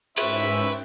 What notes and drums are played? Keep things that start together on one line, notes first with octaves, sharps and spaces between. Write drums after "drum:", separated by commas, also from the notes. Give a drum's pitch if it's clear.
G#2 C#4 E4 B4 C5 E5 C#6, drum: cymbal